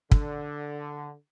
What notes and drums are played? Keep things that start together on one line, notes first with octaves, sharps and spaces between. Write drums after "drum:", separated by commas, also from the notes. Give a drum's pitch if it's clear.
D3, drum: kick